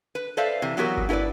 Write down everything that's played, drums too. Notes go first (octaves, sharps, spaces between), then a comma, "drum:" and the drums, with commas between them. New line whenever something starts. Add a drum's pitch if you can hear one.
B4
A4 B4 C5 D5 E5 F5
C3 E3
E3 F#3 B3 F#4 G4 A#4
drum: kick G1
E4 F4 A#4 B4 D5